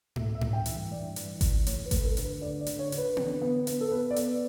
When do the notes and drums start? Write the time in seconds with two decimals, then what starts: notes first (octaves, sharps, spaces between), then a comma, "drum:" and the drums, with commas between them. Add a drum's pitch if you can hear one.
0.16 A3 E5, drum: tom G#2
0.35 E5
0.41 G2, drum: tom G#2
0.53 G5
0.66 E3, drum: hi-hat
0.72 E5
0.91 G2 D5
1.16 E3, drum: hi-hat
1.41 E3, drum: kick G#1, hi-hat
1.67 A3 C#5, drum: hi-hat
1.85 B4
1.91 A3, drum: kick G#1, hi-hat
1.96 B4
2.04 A4
2.17 D3, drum: hi-hat
2.23 B4
2.41 D3 D5
2.61 D5
2.67 D3, drum: hi-hat
2.79 C#5
2.92 D3, drum: hi-hat
2.98 B4
3.17 D3, drum: tom B3
3.42 B3
3.67 B3, drum: hi-hat
3.81 A4
3.92 B3 B4
4.11 D5
4.16 B3, drum: hi-hat